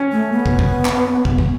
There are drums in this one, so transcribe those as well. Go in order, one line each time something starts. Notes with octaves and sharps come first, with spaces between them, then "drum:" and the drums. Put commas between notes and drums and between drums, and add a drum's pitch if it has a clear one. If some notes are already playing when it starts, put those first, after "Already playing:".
Already playing: C#4
A3
B3
drum: kick
drum: kick
drum: clap
drum: kick
drum: kick